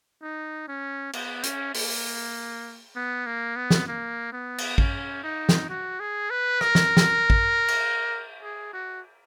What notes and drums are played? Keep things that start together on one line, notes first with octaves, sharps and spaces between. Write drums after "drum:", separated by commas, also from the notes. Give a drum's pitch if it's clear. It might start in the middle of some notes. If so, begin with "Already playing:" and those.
D#4
C#4
B3, drum: cymbal
C#4, drum: hi-hat
A#3, drum: open hi-hat
B3
A#3
B3
drum: snare
A#3
B3
drum: cymbal
C#4, drum: kick
D#4
drum: snare
F#4
G#4
B4
A#4, drum: rim click
drum: snare
drum: snare
drum: kick
drum: cymbal
G#4
F#4